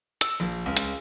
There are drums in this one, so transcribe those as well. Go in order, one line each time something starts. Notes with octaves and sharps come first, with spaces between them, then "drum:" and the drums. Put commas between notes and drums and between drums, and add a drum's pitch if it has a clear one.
E6, drum: hi-hat
A#1
C#2
drum: hi-hat